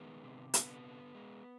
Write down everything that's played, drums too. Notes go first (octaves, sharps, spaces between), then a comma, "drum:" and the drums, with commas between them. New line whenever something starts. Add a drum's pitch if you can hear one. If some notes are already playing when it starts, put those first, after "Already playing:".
Already playing: D#3 G#3 B3
C3
D3 B3, drum: hi-hat
D3
G#3